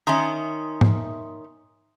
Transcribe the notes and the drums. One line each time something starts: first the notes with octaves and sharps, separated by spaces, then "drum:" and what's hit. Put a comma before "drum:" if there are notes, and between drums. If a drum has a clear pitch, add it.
D#3 C#4 E5 C6 D#6
drum: tom G#2